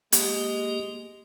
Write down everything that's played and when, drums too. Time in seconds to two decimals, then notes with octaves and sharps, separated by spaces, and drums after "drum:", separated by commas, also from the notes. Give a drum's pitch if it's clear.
0.12 G#3 A#3 G4, drum: hi-hat